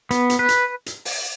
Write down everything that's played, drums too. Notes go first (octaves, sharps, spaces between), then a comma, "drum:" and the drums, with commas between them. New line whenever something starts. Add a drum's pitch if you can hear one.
B3, drum: hi-hat
drum: hi-hat
B4
drum: hi-hat
drum: hi-hat
drum: open hi-hat